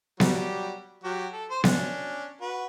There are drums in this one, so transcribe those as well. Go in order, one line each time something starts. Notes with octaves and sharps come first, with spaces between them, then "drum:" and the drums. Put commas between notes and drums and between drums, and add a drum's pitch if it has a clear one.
F#3 G3 G4, drum: snare B3
F#3 G4
A4
C5 C6
C#4 D4, drum: snare B3
F#4 B4